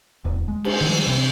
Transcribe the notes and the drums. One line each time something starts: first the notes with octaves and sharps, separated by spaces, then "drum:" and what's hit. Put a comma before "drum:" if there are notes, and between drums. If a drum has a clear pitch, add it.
D1 E2
G#3
drum: cymbal
D#3 F3 G3 G#3
C3 E3 C4